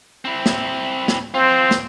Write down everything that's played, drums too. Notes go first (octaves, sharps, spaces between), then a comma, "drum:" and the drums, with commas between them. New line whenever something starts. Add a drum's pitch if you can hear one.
C4 E4
drum: snare
drum: snare
C4 F4 C5
drum: snare